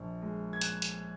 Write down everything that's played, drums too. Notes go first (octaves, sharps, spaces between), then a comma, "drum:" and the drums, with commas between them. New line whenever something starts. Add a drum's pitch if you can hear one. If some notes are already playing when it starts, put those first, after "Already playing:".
Already playing: A#1 A#2 F3
G#3
G#6
A#2 F#6, drum: hi-hat
drum: hi-hat